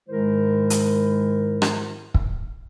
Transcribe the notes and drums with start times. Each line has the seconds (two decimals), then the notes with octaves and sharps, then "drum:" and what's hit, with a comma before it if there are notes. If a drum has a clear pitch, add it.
0.09 G#2 D#3 G#3 E4 A#4 C5
0.70 drum: hi-hat
1.62 drum: rim click
2.14 drum: kick